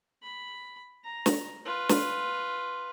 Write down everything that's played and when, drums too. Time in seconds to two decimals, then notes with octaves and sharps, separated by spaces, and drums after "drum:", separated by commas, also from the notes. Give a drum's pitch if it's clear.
0.22 B5
1.05 A#5
1.26 drum: snare
1.65 F4 B4
1.89 drum: snare